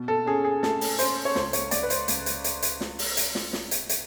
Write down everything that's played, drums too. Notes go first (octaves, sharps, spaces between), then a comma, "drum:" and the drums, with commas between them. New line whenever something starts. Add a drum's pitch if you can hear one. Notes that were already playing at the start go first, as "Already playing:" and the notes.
Already playing: B2
A4
C#4 G#4
G#4
A3 A4, drum: snare
drum: open hi-hat
C#4 C5, drum: hi-hat
C#5
C#2 C5, drum: snare
C#5, drum: hi-hat
C#2 D5, drum: hi-hat
B4
C5, drum: hi-hat
C#2, drum: hi-hat
drum: hi-hat
drum: hi-hat
drum: hi-hat
drum: snare
drum: open hi-hat
drum: hi-hat
drum: snare
drum: snare
drum: hi-hat
drum: hi-hat